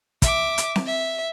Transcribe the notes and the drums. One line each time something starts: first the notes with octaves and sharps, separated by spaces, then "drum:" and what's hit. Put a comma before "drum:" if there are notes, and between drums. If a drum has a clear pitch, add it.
E5 D6, drum: kick, hi-hat
drum: hi-hat
drum: snare C4
E5